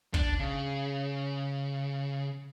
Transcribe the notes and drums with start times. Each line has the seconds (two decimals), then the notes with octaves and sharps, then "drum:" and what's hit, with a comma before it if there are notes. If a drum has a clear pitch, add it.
0.14 D4, drum: kick
0.39 C#3